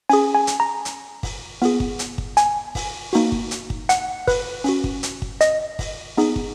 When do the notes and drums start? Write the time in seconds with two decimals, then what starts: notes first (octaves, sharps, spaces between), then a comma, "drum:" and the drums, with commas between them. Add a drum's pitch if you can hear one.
0.09 C#4 G#4 G#5, drum: open hi-hat
0.35 G#5
0.47 drum: hi-hat
0.60 A#5
0.85 drum: hi-hat
1.23 drum: kick, open hi-hat
1.62 B3 F4 G#4, drum: open hi-hat
1.80 drum: kick
1.99 drum: hi-hat
2.18 drum: kick
2.37 G#5, drum: hi-hat
2.75 drum: kick, open hi-hat
3.13 A#3 D#4 F#4, drum: open hi-hat
3.32 drum: kick
3.51 drum: hi-hat
3.70 drum: kick
3.89 F#5, drum: hi-hat
4.28 B4, drum: kick, open hi-hat
4.64 C#4 F#4, drum: open hi-hat
4.84 drum: kick
5.03 drum: hi-hat
5.22 drum: kick
5.41 D#5, drum: hi-hat
5.79 drum: kick, open hi-hat
6.17 B3 D#4 G#4, drum: open hi-hat
6.36 drum: kick